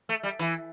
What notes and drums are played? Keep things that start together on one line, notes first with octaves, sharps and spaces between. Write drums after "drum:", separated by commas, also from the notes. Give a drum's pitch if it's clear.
A3
G3
E3, drum: hi-hat